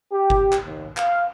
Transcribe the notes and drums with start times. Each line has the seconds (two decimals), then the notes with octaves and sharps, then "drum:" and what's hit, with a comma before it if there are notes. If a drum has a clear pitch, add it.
0.12 G4
0.30 drum: kick G1
0.52 drum: clap
0.65 D#2
0.97 F5, drum: clap